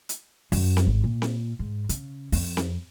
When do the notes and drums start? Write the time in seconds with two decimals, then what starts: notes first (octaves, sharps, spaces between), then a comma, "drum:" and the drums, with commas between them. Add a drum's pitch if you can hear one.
0.09 drum: hi-hat
0.52 F#2, drum: open hi-hat
0.77 drum: snare C4
0.87 G#1
1.04 A#2
1.22 drum: snare C4
1.59 G#2
1.89 C#3, drum: hi-hat
2.32 F2, drum: open hi-hat
2.57 drum: snare C4